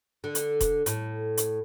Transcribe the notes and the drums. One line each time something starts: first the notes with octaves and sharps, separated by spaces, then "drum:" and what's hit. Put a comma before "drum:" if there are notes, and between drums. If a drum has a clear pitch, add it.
D3
drum: hi-hat
drum: kick E1, hi-hat
A2, drum: hi-hat
drum: hi-hat